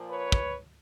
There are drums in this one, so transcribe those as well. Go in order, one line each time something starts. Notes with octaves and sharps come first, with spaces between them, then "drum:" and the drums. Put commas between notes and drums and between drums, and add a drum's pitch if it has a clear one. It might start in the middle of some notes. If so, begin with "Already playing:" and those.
Already playing: A#2 F3
B4 C#5
drum: kick